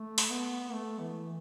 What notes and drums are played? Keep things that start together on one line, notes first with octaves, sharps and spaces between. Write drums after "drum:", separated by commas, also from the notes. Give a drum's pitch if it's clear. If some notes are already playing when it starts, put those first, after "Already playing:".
Already playing: A3
drum: open hi-hat
B3
A3
E3